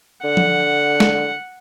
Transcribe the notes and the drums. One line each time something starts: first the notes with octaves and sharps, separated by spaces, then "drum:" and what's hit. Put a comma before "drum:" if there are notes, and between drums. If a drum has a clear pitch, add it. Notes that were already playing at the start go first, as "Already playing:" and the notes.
D3 F#5
drum: tom F3
drum: snare